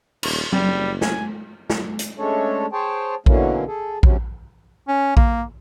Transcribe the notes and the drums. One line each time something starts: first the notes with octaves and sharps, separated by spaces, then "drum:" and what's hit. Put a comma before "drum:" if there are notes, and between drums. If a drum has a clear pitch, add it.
D#1, drum: cymbal
F#1 G3, drum: tom F#3
G#5, drum: snare
drum: snare
drum: hi-hat
G#3 A3 C#4 D4 A4 C#5
G#4 C5 C#5 G5 A5
B2 D3 E3 F#3 A#3 C#4, drum: kick A#1
G#4 A4
D2 C3 F#3 C#4, drum: kick A#1
C#4
A#3, drum: kick A#1